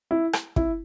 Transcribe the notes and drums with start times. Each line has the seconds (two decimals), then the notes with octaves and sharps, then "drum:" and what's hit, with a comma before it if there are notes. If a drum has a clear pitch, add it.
0.11 E4
0.33 drum: rim click
0.56 E4, drum: kick